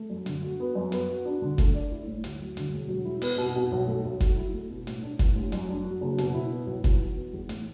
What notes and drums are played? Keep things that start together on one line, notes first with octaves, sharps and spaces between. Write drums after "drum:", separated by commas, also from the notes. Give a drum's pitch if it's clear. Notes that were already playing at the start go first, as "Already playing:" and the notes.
Already playing: A3
F#2
D3, drum: hi-hat
F#4
B3
F#2
B3, drum: hi-hat
F#4
D4
D3
A3, drum: kick F#1, hi-hat
D5
E4
A2
D2, drum: hi-hat
F#3
D3, drum: hi-hat
E1
F#3
E4
B3, drum: open hi-hat
B2
B2
B1
A3
B1
F#3, drum: kick F#1, hi-hat
E4
A3
B2
A2, drum: hi-hat
D4
E3, drum: kick F#1, hi-hat
A1
F#2, drum: hi-hat
D4
F#3
F#1
B2, drum: hi-hat
E4
B3
B1
E3, drum: kick F#1, hi-hat
F#4
B3
E2
A2, drum: hi-hat